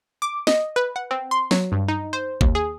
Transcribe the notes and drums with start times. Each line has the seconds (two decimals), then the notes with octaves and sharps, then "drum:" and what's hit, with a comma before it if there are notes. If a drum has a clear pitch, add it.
0.22 D6
0.47 D#5, drum: snare
0.76 B4
0.96 F#5
1.11 C4
1.31 C6
1.51 F#3, drum: snare
1.72 G2
1.88 D#4
2.13 C5
2.41 D#2, drum: kick
2.55 G#4